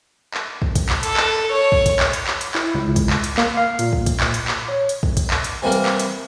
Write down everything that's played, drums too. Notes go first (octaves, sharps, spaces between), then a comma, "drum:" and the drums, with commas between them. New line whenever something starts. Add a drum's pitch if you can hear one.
drum: clap
drum: kick
drum: kick, hi-hat
drum: clap
A4, drum: hi-hat
drum: clap
C#5
drum: kick
drum: kick, hi-hat
drum: clap
drum: hi-hat
drum: clap
drum: hi-hat
E4, drum: clap
C#2
drum: kick, hi-hat
drum: clap
drum: hi-hat
A#3, drum: clap
F5
A#2, drum: hi-hat
drum: kick
drum: kick, hi-hat
drum: clap
drum: hi-hat
drum: clap
C#5
drum: hi-hat
drum: kick
drum: kick, hi-hat
drum: clap
drum: hi-hat
C3 E3 G3 A#3 A#4
drum: hi-hat
drum: clap
drum: hi-hat